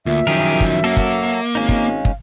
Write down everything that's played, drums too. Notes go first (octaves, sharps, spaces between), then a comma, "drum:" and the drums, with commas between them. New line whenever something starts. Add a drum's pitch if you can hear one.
D2 A#2 E5
F#2 D#3 F3 G4 G#4 A#4
drum: kick
F#3 A#3 F#4 A4
drum: kick
G#1 G#3 C#4 D#4 F5
drum: kick
drum: kick